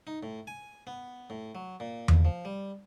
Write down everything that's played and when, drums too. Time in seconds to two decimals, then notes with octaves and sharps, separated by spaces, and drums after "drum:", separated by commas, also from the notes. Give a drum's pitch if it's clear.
0.07 D#4
0.23 A2
0.47 G#5
0.87 B3
1.30 A2
1.55 F#3
1.80 A#2
2.08 drum: tom E2
2.25 F3
2.45 G3